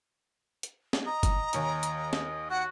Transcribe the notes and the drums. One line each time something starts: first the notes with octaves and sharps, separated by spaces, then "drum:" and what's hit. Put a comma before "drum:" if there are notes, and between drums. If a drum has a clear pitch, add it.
drum: hi-hat
drum: snare
D#5 A#5
drum: kick G1, hi-hat
D#2 C#5 G#5, drum: hi-hat
drum: hi-hat
drum: snare
F#4 F#5